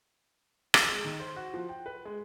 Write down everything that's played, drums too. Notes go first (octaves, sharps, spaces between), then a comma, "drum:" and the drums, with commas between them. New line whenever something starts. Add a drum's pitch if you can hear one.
drum: rim click
G#3
D#3
C5
F#4
F3
G5
B4
G#3